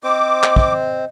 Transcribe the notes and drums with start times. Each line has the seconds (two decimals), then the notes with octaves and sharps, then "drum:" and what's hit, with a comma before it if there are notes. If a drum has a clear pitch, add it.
0.04 C4 C5 D#5 D6
0.43 drum: clap
0.56 drum: kick